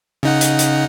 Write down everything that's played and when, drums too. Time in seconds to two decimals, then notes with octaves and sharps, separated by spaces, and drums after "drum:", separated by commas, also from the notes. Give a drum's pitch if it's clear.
0.23 C#3 D#4 F#5
0.41 drum: hi-hat
0.59 drum: hi-hat